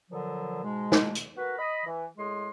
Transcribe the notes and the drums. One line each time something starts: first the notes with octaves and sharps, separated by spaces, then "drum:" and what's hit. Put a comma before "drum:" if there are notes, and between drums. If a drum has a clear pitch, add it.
A#2 D3 F3 F#3
G#2 B2 G#3
drum: snare
drum: hi-hat
F#4 A#4 B4
D#5 B5
E3
A2 G#3 G#4 C6